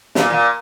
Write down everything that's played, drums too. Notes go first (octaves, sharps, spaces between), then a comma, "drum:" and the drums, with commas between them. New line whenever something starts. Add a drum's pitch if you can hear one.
A#2, drum: snare
A#2